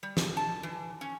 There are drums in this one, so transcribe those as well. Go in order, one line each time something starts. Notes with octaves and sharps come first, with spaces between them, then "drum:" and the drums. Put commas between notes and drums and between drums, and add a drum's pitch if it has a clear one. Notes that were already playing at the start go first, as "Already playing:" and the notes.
G3
drum: snare
A5
E3
C#4